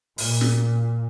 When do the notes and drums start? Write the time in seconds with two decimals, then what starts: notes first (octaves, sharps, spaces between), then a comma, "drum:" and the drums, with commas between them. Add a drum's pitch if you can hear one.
0.18 A#2, drum: open hi-hat
0.41 drum: snare